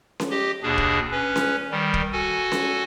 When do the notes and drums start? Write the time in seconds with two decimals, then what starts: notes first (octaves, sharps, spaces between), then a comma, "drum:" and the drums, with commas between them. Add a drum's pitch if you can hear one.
0.20 drum: snare C#4
0.30 G4 D#5
0.63 D#2 B2 D4 G#4
0.78 drum: kick
1.12 C#4 B4
1.36 drum: snare C#4
1.71 D#3 G3
1.94 drum: kick
2.13 F#4 A4 G#5
2.52 drum: snare C#4